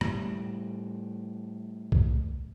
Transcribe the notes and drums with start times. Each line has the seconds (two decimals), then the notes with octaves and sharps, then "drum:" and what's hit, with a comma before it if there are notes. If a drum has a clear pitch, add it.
0.01 A2 G3, drum: rim click
1.92 drum: kick C2